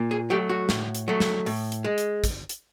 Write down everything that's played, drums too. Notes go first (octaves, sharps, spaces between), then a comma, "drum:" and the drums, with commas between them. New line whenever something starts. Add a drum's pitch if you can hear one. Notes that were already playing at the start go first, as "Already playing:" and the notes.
Already playing: A#2
G#4
F#3 A3 G4
F#4
A2, drum: snare
drum: hi-hat
F#3 A3
drum: snare
A2, drum: open hi-hat
drum: hi-hat
G#3
drum: hi-hat
drum: kick, hi-hat
drum: hi-hat